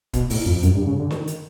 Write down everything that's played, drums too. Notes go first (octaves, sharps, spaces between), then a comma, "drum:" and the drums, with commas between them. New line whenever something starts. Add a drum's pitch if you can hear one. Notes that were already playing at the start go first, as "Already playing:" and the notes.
B2, drum: kick, hi-hat
A2, drum: open hi-hat
F2
F#2, drum: hi-hat
G2
C#3
D3
D#3, drum: snare
drum: hi-hat